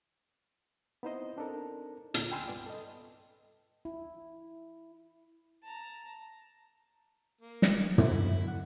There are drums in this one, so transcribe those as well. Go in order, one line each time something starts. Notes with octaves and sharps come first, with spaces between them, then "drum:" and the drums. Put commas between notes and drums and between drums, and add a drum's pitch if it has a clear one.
B3 C4 D#4 E4 C5 D#5
C4 D4 D#4 A4 A#4
D2 A#2, drum: hi-hat
G5 G#5 B5 C6 E6 F6
C2 G2 B3 D5
A4 D#5
E4
A5 A#5
A#3
drum: snare
C#3 F3 E4, drum: tom
D3 F#3
F#5